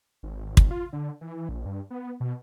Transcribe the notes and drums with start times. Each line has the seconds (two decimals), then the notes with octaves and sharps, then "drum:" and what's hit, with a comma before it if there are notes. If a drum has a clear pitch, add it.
0.23 G#1
0.57 drum: kick
0.71 F4
0.93 D3
1.21 E3
1.49 A#1
1.66 G2
1.91 B3
2.20 B2